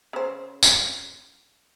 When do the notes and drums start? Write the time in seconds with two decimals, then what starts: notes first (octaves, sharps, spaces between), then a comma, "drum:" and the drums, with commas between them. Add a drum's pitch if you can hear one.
0.13 C#3 C5
0.63 drum: tambourine